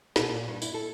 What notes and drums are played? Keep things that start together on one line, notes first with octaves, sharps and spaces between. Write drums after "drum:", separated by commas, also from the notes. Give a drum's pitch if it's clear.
B2, drum: snare
A#2
G2
E4, drum: tambourine
A4